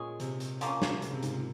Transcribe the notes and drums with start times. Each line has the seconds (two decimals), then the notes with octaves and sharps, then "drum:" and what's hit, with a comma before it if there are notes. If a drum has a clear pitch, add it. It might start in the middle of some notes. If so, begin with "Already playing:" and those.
Already playing: A#2 G#3 C#4 G#4
0.20 C3, drum: hi-hat
0.40 drum: hi-hat
0.61 F3 A#3 C#4, drum: hi-hat
0.82 drum: snare
1.02 C#3, drum: hi-hat
1.13 C3
1.23 G#2, drum: hi-hat
1.33 A#2